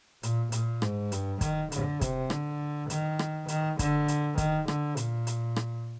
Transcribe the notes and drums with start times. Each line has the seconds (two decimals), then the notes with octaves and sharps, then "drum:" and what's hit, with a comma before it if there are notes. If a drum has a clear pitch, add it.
0.23 A#2, drum: hi-hat
0.52 A#2, drum: hi-hat
0.82 G#2, drum: rim click
1.12 G2, drum: hi-hat
1.41 D#3, drum: kick, hi-hat
1.72 D3, drum: hi-hat
2.01 C3, drum: kick, hi-hat
2.30 D3, drum: rim click
2.90 D#3, drum: hi-hat
3.19 drum: rim click
3.48 D#3, drum: hi-hat
3.79 D3, drum: kick, hi-hat
4.08 drum: hi-hat
4.38 D#3, drum: kick, hi-hat
4.68 D3, drum: rim click
4.97 A#2, drum: hi-hat
5.27 drum: hi-hat
5.56 drum: rim click